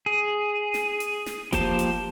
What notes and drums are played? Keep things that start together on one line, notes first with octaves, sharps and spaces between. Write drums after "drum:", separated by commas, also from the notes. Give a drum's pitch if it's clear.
G#4
drum: snare
drum: hi-hat
drum: snare
F3 A#3 G4 C5 A5, drum: kick F1, hi-hat
drum: hi-hat